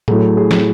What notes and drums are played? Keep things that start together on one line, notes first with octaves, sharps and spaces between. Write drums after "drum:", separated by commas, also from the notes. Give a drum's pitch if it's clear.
A2 F#3 A3 G#4, drum: tom A2
G#4
drum: snare